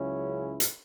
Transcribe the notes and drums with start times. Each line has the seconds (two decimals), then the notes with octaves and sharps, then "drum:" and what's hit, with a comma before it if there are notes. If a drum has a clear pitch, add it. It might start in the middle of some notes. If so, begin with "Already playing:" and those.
Already playing: C#2 C#3 F#3 C#4 E4
0.60 drum: hi-hat